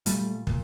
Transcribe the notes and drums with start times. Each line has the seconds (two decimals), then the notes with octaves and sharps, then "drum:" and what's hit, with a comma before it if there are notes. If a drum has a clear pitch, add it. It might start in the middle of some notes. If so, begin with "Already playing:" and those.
0.06 A#2 G3 A3, drum: hi-hat
0.47 A#2, drum: kick